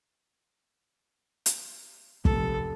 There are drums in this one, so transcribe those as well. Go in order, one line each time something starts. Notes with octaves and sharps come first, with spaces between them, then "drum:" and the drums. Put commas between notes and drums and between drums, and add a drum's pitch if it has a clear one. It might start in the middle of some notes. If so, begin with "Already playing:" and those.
drum: hi-hat
F1 A4, drum: kick